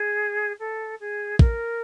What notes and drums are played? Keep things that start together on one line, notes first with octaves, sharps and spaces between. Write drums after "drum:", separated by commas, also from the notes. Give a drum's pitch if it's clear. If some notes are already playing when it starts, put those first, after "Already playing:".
Already playing: G#4
A4
G#4
A#4, drum: kick